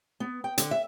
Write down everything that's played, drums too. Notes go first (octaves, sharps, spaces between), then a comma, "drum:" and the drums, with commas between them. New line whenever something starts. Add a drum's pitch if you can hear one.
B3
G5
D3, drum: hi-hat
E5